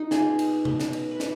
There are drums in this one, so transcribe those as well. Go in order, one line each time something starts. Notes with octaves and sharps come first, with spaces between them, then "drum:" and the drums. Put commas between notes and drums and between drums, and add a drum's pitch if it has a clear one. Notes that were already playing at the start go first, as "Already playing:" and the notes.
Already playing: D#4
B2 A#3 F4 G#4, drum: snare
drum: cymbal
B2 F#3 B3, drum: tom C3
drum: snare
drum: cymbal
B4
F3, drum: snare